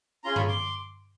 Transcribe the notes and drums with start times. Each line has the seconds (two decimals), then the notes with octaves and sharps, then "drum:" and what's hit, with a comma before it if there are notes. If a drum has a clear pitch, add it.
0.24 C#4 F4 G#4 A#5 C6
0.36 B5 C#6, drum: tom G2
0.48 C6 D6